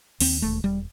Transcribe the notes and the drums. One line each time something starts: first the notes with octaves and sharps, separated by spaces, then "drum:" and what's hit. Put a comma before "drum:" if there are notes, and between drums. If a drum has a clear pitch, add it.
D#2 C4, drum: open hi-hat
E1 A3
E1 G3